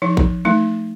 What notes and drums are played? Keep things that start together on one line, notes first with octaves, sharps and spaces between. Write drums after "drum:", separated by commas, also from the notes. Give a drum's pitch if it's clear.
F3 D#4
drum: kick G#1
A3 D#4, drum: tom E3